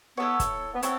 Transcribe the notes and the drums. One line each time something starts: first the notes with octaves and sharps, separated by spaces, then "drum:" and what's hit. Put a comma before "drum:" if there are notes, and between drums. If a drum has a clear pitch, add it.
B3 E4 A4 C#5
drum: kick, hi-hat
B3
C4 E4 A4 C#5 F#5, drum: hi-hat